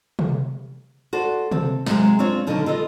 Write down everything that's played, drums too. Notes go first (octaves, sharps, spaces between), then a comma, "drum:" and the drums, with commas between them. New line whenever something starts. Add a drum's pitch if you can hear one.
drum: tom C3
F#4 A4 C5 D5
C4 A4, drum: tom C3
C3 F#3 G#3, drum: snare
C4 D4 F4 C#5
B2 D3 D#3 F#3 B3 C#4
F4 A4 B4 D#5